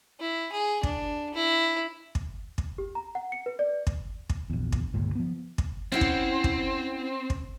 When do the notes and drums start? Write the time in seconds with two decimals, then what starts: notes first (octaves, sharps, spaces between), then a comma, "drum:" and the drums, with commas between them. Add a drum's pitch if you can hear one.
0.20 E4
0.52 G#4
0.83 D4, drum: kick
1.34 E4
2.15 drum: kick
2.58 drum: kick
2.78 G4
2.95 A#5
3.15 F#5
3.32 C#7
3.46 B4
3.59 D5
3.87 drum: kick
4.30 drum: kick
4.50 A#1 E2
4.72 drum: kick
4.94 G1 C#2 A#2
5.15 F3 B3
5.58 drum: kick
5.92 C4 C#4 E4 F#5
6.01 drum: kick
6.44 drum: kick
7.30 drum: kick